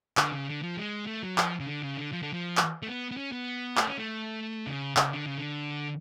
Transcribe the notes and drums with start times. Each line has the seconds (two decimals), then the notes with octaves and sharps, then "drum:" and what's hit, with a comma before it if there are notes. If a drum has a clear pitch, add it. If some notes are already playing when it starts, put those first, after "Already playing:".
0.17 D3, drum: clap
0.32 C#3
0.48 D3
0.63 F3
0.77 G#3
1.07 A3
1.23 F#3
1.38 F3, drum: clap
1.60 C#3
1.67 D3
1.82 C#3
1.97 D3
2.12 F3
2.23 D3
2.33 F3
2.57 drum: clap
2.83 A3
2.87 B3
3.11 B3
3.17 C#4
3.32 B3
3.77 A3, drum: clap
3.87 C#4
3.98 A3
4.67 C#3
4.97 C#3, drum: clap
5.12 D3
5.26 C#3
5.38 D3